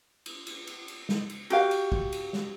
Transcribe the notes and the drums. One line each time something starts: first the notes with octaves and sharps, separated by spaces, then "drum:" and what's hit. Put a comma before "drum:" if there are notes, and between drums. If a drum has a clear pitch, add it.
drum: cymbal
drum: cymbal
drum: cymbal
drum: cymbal
drum: snare
drum: cymbal
F#4 G4 F5, drum: cymbal
drum: cymbal
drum: kick
drum: cymbal
drum: snare